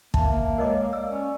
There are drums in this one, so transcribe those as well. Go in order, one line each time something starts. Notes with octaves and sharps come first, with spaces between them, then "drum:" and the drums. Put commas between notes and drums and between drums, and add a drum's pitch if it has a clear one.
A#3 E5 A5, drum: kick
G#3 A#4 C#5 D#5 F5 D6
D5 E6
C#4